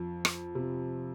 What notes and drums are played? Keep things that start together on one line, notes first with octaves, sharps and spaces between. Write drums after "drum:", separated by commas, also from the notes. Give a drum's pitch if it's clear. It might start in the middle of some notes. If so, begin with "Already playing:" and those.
Already playing: F2
drum: rim click
C3